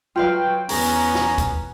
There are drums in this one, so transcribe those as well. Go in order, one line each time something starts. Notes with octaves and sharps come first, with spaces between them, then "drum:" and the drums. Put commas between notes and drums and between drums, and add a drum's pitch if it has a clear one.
F#3 F4 B4 F5 G5
E2 B3 C#4 G#4 A#5, drum: open hi-hat
drum: snare
drum: kick, hi-hat